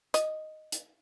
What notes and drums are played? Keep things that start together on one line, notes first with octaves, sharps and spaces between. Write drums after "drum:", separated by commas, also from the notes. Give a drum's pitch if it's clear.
D#5, drum: hi-hat
drum: hi-hat